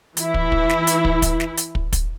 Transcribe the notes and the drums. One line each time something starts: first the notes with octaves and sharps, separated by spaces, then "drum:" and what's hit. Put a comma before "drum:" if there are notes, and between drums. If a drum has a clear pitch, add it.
E3 E4, drum: hi-hat
drum: kick
drum: kick
drum: snare
drum: hi-hat
drum: kick
drum: kick, hi-hat
drum: snare
drum: hi-hat
drum: kick
drum: kick, hi-hat